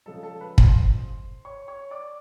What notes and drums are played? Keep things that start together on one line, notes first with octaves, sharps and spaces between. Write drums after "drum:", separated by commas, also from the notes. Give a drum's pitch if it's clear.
C#3 F3 G#3 A4 A5
A4 A5
B4 B5
C5 C6, drum: kick
C#5 C#6
C#5 C#6
D5 D6